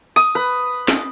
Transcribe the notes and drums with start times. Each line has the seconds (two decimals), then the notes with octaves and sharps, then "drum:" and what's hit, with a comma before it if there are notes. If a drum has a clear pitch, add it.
0.16 D#6, drum: open hi-hat
0.35 B4
0.88 drum: snare